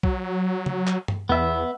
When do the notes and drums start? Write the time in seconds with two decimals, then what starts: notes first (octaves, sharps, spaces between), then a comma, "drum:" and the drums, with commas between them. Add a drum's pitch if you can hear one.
0.03 F#3, drum: kick B1
0.66 drum: tom C#3
0.87 drum: clap
1.08 drum: tom G2
1.29 E2 B3 E5